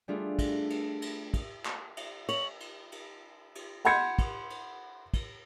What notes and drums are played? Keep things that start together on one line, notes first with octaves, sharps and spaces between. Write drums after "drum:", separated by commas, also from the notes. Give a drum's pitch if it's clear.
G3 A3 D4 F4 G#4
drum: kick, cymbal
drum: cymbal
drum: cymbal
drum: kick, cymbal
drum: clap
drum: cymbal
C#5 F#7, drum: cymbal
drum: cymbal
drum: cymbal
drum: cymbal
F#5 B5 C6 G6 G#6 C#7, drum: cymbal
drum: kick, cymbal
drum: cymbal
drum: kick, cymbal